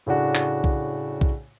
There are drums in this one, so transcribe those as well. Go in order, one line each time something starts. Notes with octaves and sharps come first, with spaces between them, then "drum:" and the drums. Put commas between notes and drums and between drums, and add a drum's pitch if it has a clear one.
A2 C#3 D4 F#4
drum: clap
drum: kick
drum: kick